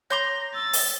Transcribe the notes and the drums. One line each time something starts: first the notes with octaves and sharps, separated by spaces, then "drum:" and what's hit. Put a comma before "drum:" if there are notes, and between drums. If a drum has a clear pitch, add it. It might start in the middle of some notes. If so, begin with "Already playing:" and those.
C#5 A#5 C6 D6 G6 A#6
E6 A6
drum: open hi-hat